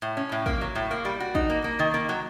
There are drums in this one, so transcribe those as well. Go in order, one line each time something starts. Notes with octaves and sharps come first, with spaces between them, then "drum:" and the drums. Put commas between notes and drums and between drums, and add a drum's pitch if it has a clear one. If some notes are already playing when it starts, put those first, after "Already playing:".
A2
C#4
A2
A#3, drum: kick
F#3
A2
A#3
G3
F#4
D#4, drum: kick
A#3
A#3
D#3
A#3
F#3